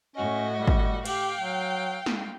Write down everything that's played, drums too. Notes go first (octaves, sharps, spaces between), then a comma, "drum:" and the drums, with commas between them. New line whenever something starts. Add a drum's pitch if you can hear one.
A2 C#4 F#4 D#5
G3
drum: kick
G4 F5 G5, drum: cymbal
F#3
drum: snare